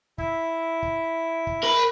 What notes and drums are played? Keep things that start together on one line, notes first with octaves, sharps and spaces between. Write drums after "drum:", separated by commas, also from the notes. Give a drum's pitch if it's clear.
E4 E5, drum: kick
drum: kick
drum: kick
A#4 B5